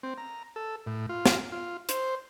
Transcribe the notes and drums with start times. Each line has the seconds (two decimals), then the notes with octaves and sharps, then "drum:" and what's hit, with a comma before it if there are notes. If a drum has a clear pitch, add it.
0.03 C4
0.18 A#5
0.56 A4
0.86 A2
1.09 F4
1.26 drum: snare
1.52 F4
1.89 C5, drum: hi-hat